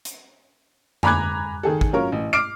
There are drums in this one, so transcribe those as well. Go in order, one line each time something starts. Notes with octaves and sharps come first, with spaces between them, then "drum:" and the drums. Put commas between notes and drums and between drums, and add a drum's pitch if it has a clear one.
drum: hi-hat
G#5 A#5 B5 D6 F#6 G#6, drum: tom
D#3 G#4 A4
drum: kick
F#3 C#4 F4 A#4 C#5
A1
D6 F6 C7 D7